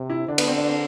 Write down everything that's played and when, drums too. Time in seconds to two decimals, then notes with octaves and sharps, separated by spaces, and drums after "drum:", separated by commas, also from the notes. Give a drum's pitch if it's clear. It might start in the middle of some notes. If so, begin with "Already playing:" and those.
Already playing: C3
0.10 E4
0.28 D3 D4
0.38 B3, drum: cymbal
0.48 C4
0.57 D4
0.68 C4